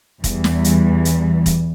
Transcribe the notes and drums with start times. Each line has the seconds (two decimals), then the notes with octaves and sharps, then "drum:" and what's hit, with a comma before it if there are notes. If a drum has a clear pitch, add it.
0.24 E2 E3 G3, drum: kick E1, hi-hat
0.44 drum: snare
0.64 drum: hi-hat
1.05 drum: hi-hat
1.46 drum: kick E1, hi-hat